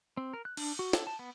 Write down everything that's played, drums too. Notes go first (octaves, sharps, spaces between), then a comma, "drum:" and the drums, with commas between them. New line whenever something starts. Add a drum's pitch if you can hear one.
C4
A#4
F#6
D4, drum: cymbal
F#4
A4, drum: snare
A5
B3